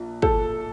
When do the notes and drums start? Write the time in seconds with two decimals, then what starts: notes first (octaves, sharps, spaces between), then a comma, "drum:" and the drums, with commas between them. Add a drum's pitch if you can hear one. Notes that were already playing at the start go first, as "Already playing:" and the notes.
Already playing: A#1 A#2
0.22 A4, drum: kick